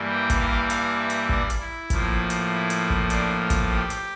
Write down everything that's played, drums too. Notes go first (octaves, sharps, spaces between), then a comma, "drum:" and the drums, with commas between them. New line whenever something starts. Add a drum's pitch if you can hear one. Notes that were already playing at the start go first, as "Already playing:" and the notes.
Already playing: G2 E3 G3 A#3
G5
drum: kick, hi-hat
F5
F5, drum: hi-hat
E5
drum: hi-hat
D5, drum: kick
drum: hi-hat
E4
A2 F3 A#3, drum: kick, hi-hat
drum: hi-hat
E4
drum: hi-hat
drum: kick
D4, drum: hi-hat
F4
drum: kick, hi-hat
G4
drum: hi-hat